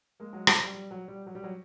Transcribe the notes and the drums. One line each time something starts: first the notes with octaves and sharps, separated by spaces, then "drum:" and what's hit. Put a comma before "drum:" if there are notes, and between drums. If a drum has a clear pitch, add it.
G#3 A#3
F#3 G#3
F#3, drum: rim click
G3
G3
F#3
G3
F#3
G3
F#3